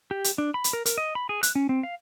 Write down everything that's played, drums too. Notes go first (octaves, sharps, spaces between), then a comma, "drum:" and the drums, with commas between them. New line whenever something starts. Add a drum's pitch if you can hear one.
G4
drum: hi-hat
D4
B5
drum: hi-hat
A#4
A#4, drum: hi-hat
D#5
B5
G#4
F#6, drum: hi-hat
C#4
C4
F5